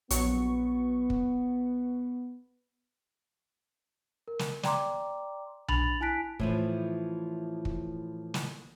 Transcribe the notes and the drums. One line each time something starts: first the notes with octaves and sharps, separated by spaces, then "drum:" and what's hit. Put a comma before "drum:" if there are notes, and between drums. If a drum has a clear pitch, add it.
A#1 F#3 B3 C#6, drum: hi-hat
drum: kick
A#4
drum: snare
D5 G5 A#5 C6 D6, drum: snare
D4 B5 A6 F7 F#7, drum: tom B1
E4 G#5 A5 F#6 B6 D7
A2 E3 F3, drum: kick
drum: kick
drum: snare